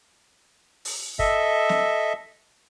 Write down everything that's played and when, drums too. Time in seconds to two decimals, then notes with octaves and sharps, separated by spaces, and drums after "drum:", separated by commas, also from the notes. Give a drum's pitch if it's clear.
0.85 drum: open hi-hat
1.19 A4 D#5 E5, drum: kick
1.69 drum: snare